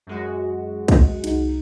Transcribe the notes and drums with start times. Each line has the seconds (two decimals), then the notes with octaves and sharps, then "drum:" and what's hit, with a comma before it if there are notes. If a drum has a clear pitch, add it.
0.07 F#2 G#3 F#4
0.88 drum: kick, cymbal
1.24 C2 D#4, drum: cymbal